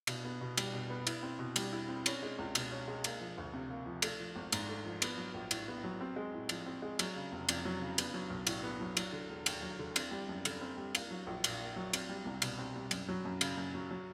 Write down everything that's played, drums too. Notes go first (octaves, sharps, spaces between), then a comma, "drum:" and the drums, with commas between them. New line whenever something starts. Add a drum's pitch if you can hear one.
B2, drum: cymbal
B3
B2
G3, drum: cymbal
B2
B3
E4, drum: cymbal
C4
B2
G3, drum: cymbal
E4
C4
C#4, drum: cymbal
G#3
C#2
B2, drum: cymbal
C#4
G#3
A#3, drum: cymbal
F3
D2
C3
A#3
F3
A3, drum: cymbal
F3
G#1
G#2, drum: cymbal
A3
F3
B3, drum: cymbal
F#3
A#1
A2, drum: cymbal
B3
F#3
C4
G#3
A2
F3, drum: cymbal
C4
G#3
F#3, drum: cymbal
C#3
F1
F2, drum: cymbal
F#3
C#3
B3, drum: cymbal
F#3
B1
A2, drum: cymbal
B3
F#3
F#3, drum: cymbal
D3
E1
D#2, drum: cymbal
F#3
D3
C4, drum: cymbal
G3
F#2
D3, drum: cymbal
C4
G3
A#3, drum: cymbal
F#3
A#1
A#2, drum: cymbal
A#3
F#3
C4, drum: cymbal
G3
C2
B2, drum: cymbal
C4
G3
F#2, drum: cymbal
F#3
F#2
C#3, drum: cymbal
F#2
F#3
F#3